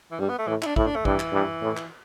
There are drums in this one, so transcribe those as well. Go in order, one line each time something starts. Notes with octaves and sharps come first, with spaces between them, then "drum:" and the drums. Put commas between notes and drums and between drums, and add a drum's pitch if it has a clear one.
E3
G2 G3
B3
A3
A2 E3
E4, drum: clap
D4
A2 E4, drum: kick
D4
A3
G2 E3, drum: kick
drum: clap
G2
A2
drum: clap